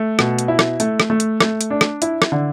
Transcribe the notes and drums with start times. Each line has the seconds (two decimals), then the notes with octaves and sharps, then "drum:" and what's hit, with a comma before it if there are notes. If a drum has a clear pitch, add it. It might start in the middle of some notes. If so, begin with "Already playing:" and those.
Already playing: A3
0.19 B2, drum: rim click
0.39 drum: hi-hat
0.48 E4
0.59 drum: rim click
0.80 A3, drum: hi-hat
1.00 drum: rim click
1.10 A3
1.20 drum: hi-hat
1.40 A3, drum: rim click
1.61 drum: hi-hat
1.70 D4
1.81 drum: rim click
2.02 E4, drum: hi-hat
2.22 drum: rim click
2.32 D3